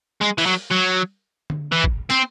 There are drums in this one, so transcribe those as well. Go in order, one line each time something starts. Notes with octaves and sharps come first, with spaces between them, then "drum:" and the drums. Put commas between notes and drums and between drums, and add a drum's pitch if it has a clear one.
G#3
E3, drum: open hi-hat
F#3
F#3
drum: tom D3
E3
drum: kick
C4, drum: hi-hat